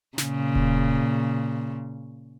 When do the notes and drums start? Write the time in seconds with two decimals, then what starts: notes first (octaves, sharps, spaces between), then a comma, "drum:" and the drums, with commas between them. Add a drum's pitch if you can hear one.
0.18 A#2 C#3, drum: snare
0.55 drum: kick E1